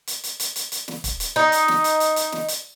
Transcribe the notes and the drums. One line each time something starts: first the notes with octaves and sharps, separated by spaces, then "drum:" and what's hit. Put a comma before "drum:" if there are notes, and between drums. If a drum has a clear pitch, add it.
drum: hi-hat
drum: hi-hat
drum: hi-hat
drum: hi-hat
drum: hi-hat
drum: snare
drum: kick, hi-hat
drum: hi-hat
D#4
drum: hi-hat
drum: snare
drum: hi-hat
drum: hi-hat
drum: hi-hat
drum: snare
drum: hi-hat